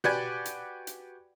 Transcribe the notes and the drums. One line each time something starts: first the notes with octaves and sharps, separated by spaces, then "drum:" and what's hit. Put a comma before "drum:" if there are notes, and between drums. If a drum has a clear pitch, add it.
F#4 G4 B4 D5 F#5 G#5, drum: tom B2
drum: hi-hat
drum: hi-hat